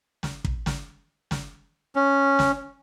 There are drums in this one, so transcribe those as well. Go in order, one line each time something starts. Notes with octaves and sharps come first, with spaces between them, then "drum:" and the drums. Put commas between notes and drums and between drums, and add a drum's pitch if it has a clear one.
drum: snare
drum: kick
drum: snare
drum: snare
C#4
drum: snare